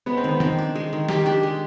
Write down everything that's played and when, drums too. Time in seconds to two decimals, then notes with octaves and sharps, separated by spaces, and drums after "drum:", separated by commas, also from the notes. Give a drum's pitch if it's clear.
0.06 G#3 B3
0.17 C4
0.24 D#3 B3
0.40 D#3 C4, drum: tom
0.58 D4
0.75 G#3
0.93 D#3
1.09 D#3 G4, drum: snare
1.26 D4 G4
1.43 G#3